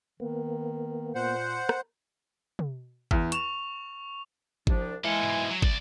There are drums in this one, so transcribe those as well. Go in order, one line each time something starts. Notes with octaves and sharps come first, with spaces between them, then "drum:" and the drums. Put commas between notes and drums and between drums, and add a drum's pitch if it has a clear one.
D#3 A#3 B3
A#2 C5 F#5
drum: rim click
drum: tom
E2, drum: kick
C#6 E7 F7, drum: hi-hat
C2 F3 D4, drum: kick
E3 G#3 A#3 A4 G#5
G#2 B2
F#3
C2 D5, drum: kick